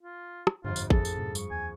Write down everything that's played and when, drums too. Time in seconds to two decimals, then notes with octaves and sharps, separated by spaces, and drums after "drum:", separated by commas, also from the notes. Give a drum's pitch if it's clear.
0.03 F4
0.47 drum: rim click
0.64 G1 F2 G#2 F4
0.76 drum: tambourine
0.90 A1 F2 G#4 A4, drum: kick G#1
1.05 drum: tambourine
1.17 G#2 B2
1.35 G2 C#6 C#7, drum: tambourine
1.51 D#2 G#5